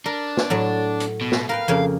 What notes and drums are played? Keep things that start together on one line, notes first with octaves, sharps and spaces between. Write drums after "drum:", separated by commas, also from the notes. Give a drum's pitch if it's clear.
D4 A#4
drum: snare
A2 F#3 D5
drum: hi-hat
B2
drum: snare
A#4 B4 F5 G5
F2 C#3 A#3